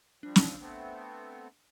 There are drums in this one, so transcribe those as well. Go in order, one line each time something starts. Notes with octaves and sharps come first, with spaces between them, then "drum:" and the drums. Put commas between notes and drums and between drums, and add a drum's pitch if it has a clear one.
F3 G3 D4
drum: snare
A3 B3 C4